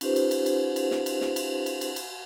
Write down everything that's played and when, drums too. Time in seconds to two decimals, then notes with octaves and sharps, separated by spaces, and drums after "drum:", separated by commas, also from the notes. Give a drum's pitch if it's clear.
0.01 C#4 D#4 F4 G4 B4 C5, drum: cymbal
0.16 drum: cymbal
0.31 drum: cymbal
0.46 drum: cymbal
0.76 drum: cymbal
0.91 drum: snare
1.06 drum: cymbal
1.21 drum: snare
1.36 drum: cymbal
1.66 drum: cymbal
1.81 drum: cymbal
1.96 drum: cymbal